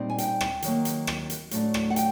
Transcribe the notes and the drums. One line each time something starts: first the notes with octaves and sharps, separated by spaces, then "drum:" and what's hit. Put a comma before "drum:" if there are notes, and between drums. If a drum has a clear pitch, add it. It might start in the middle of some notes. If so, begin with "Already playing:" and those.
Already playing: A#2 G3 C4 D#4
G#5
G5, drum: hi-hat
drum: rim click
D#3 F#3 A#3, drum: hi-hat
drum: hi-hat
drum: rim click
drum: hi-hat
A2 F#3 A3 D4, drum: hi-hat
drum: rim click
F#5
G5, drum: hi-hat